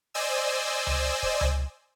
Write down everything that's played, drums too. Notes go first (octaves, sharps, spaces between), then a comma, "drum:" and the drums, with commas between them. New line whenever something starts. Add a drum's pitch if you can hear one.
C5 D5 D#5 G#5 E6
drum: tom C#2
drum: kick
drum: tom C#2